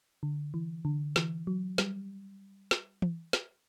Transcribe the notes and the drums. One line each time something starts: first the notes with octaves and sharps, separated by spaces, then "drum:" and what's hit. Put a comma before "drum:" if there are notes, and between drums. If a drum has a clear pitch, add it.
D3
E3
D3
E3, drum: snare
F#3
G3, drum: snare
drum: snare
drum: tom
drum: snare